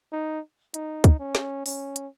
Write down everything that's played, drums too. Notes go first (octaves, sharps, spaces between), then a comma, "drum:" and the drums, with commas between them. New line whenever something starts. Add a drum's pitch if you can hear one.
D#4
D#4, drum: hi-hat
drum: kick, hi-hat
C#4
drum: snare
C#4, drum: open hi-hat
drum: hi-hat